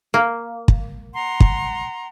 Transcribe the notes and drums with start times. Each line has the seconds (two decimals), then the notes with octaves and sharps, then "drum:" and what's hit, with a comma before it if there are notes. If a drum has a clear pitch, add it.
0.14 A#3
0.68 drum: kick
1.14 F#5 A#5 C6
1.40 drum: kick